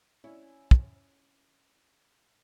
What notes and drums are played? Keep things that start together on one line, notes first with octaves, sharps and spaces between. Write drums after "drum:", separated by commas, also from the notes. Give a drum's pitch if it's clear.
C#4 E4
drum: kick